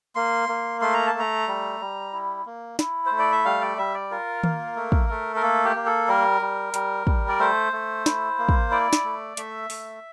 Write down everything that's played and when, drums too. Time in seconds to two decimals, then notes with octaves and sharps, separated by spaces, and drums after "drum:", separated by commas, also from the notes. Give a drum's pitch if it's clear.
0.15 A#3 C6
0.49 A#3
0.81 A3 C6
0.94 A#5
1.07 A5
1.14 A3
1.19 A#5
1.47 G3
1.80 G3
2.13 E4
2.46 A#3
2.79 E4, drum: snare
3.06 C5
3.12 A3
3.19 D5
3.32 E5
3.45 G3 F5
3.61 D5
3.78 G3 E5
3.94 D5
4.11 F4 A#4
4.44 A#3, drum: tom D#3
4.76 A3
4.92 drum: kick
5.10 A3
5.36 A#4
5.42 A#3 A4
5.64 G4
5.75 A#3
5.86 A4
6.08 G3 A#4
6.41 G3
6.74 G3, drum: hi-hat
7.07 G3, drum: kick
7.28 D5
7.39 A3 C5
7.72 A3
8.06 E4, drum: snare
8.38 A#3
8.49 drum: kick
8.71 E4 D5
8.93 drum: snare
9.04 A3
9.37 A3 E5, drum: hi-hat
9.70 A3, drum: open hi-hat